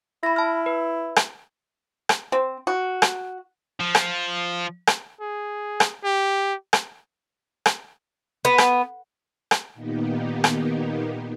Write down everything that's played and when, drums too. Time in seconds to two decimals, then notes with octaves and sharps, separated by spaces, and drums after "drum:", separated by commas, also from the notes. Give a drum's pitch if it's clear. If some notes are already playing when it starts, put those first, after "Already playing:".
0.23 E4 B5 A#6
0.36 A5 F6
0.66 B4
1.16 drum: rim click
2.09 drum: rim click
2.32 C4
2.67 F#4
3.02 drum: rim click
3.80 F3
3.95 drum: rim click
4.87 drum: rim click
5.21 G#4
5.80 drum: rim click
6.04 G4
6.73 drum: rim click
7.66 drum: rim click
8.45 B3
8.58 drum: rim click
9.51 drum: rim click
9.74 A#2 D#3 A#3 B3 D#4 G4
10.44 drum: rim click